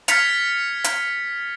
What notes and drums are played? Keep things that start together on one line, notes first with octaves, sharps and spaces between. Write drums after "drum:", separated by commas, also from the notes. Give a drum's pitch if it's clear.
F6 G#6 A6 B6 C#7 F7, drum: hi-hat
drum: hi-hat